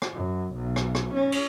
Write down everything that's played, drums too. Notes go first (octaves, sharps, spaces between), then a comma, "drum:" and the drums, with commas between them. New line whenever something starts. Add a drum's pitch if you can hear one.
drum: rim click
F#2
B1
drum: rim click
drum: rim click
C#4
drum: cymbal